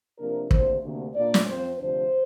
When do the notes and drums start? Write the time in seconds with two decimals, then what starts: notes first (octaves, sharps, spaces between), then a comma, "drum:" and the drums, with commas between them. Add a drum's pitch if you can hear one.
0.19 C3 F3 A#3 D4 A#4
0.51 D2 C3 A#3 D4 C5, drum: kick
0.83 D2 C3 A#3
1.15 A#2 A#3 D4 D5
1.34 drum: snare
1.47 F2 F3 C4 C5
1.79 D2 C3 F3 D4 C5